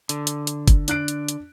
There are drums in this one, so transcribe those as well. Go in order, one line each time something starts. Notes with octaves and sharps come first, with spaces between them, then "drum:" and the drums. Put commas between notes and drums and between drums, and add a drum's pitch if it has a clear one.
D3, drum: hi-hat
drum: hi-hat
drum: hi-hat
drum: kick, hi-hat
D4 F#6 D7, drum: hi-hat
drum: hi-hat
drum: hi-hat